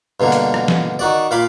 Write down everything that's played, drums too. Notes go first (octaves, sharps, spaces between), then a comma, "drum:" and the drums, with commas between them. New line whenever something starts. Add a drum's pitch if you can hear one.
G2 B2 D3 A#3
drum: hi-hat
drum: rim click
drum: snare
D#3 F#4 D5
A#2 F5 B5 D6